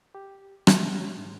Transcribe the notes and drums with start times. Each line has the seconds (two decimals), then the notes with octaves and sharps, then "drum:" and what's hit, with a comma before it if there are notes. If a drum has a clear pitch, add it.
0.15 G4
0.67 G#5, drum: rim click
1.00 C#4
1.18 G#2